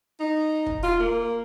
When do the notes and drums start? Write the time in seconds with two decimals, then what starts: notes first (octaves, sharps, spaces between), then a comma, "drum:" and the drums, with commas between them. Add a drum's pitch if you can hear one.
0.20 D#4
0.66 drum: kick
0.83 F4
1.00 A#3